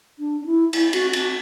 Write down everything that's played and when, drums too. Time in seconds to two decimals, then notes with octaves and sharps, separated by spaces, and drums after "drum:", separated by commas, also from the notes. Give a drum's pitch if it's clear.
0.19 D4
0.41 D4
0.46 E4
0.73 E4, drum: cymbal
0.93 F#4, drum: cymbal
1.13 F#4, drum: cymbal